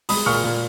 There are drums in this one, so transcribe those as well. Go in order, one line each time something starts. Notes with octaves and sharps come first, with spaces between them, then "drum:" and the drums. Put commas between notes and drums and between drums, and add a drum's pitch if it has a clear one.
G#3 B5 D#6, drum: open hi-hat
A#2 C#6 F6
A#2